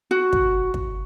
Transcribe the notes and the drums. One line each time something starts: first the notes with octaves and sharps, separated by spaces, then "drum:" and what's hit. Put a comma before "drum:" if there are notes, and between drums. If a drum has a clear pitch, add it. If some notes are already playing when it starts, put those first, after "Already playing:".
F#4
drum: kick
drum: kick